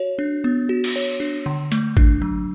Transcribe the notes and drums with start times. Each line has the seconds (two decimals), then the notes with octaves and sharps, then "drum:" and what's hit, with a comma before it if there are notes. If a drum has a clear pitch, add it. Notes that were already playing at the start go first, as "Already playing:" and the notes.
Already playing: F#4 C#5
0.19 D4
0.44 B3
0.69 F#4
0.84 drum: cymbal
0.96 C#5
1.20 D4
1.46 D3
1.72 A3, drum: hi-hat
1.97 D4, drum: kick G#1
2.22 F#3